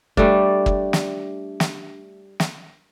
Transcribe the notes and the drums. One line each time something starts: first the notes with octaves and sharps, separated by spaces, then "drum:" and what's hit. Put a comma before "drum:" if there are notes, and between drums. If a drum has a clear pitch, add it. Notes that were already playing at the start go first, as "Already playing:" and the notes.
G3 A3 D4, drum: kick
drum: kick
drum: snare
drum: snare
drum: snare